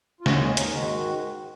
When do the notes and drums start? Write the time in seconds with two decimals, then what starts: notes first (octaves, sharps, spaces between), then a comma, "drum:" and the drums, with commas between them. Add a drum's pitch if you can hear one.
0.21 F4
0.26 D#2 C#3 G#3 F#4, drum: snare
0.41 G#4
0.57 A#4, drum: hi-hat
0.72 G#2 D#3 G#3 F#4